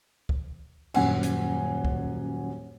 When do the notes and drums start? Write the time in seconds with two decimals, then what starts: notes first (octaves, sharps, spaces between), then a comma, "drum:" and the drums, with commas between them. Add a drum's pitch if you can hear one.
0.29 drum: kick
0.94 D#1 F#2 F#5 G#5, drum: cymbal
1.23 drum: hi-hat
1.85 drum: kick